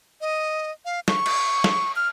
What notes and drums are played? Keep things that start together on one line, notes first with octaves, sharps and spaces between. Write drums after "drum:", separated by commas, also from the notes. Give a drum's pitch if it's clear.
D#5
F5
C#6, drum: snare
drum: cymbal
drum: snare
F6